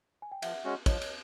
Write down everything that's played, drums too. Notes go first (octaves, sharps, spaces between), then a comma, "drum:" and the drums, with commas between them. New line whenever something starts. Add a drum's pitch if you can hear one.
G#5
G5
F3 E5 F#5, drum: cymbal
G#3 C#4 F#4
F3 C#5 D#5, drum: kick, cymbal
drum: cymbal